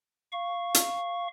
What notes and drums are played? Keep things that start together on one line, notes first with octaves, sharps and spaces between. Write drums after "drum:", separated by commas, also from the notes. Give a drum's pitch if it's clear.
F5 C#6
drum: hi-hat